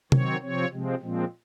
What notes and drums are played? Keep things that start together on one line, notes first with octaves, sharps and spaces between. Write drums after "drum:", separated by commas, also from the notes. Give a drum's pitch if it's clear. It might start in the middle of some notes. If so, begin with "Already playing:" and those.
D#3 F#3 C4 C#5, drum: tom C3
C3 F3 C4 C#5
C3 F3 G#3 C4
A#2 F3 G#3 C4